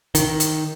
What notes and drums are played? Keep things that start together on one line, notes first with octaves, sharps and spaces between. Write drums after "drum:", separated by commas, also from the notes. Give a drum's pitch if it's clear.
D#3, drum: hi-hat
drum: hi-hat